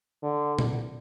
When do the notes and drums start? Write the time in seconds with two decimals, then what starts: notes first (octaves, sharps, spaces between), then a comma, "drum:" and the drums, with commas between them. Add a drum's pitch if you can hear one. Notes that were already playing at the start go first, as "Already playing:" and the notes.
0.23 D3
0.59 drum: tom A#2